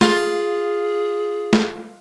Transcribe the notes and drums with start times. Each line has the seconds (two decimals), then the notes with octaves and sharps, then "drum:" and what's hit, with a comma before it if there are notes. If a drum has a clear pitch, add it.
0.01 F4 G#4, drum: snare
1.53 drum: snare